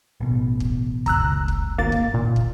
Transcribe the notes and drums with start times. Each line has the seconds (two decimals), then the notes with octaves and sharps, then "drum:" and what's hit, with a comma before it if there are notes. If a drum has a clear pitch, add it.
0.20 A1 B2
0.60 drum: kick
1.06 F#1 C#2 A#5 E6 F#6, drum: kick
1.48 drum: kick
1.78 G#1 A#3 A6
1.92 drum: kick
2.14 A#2
2.36 drum: kick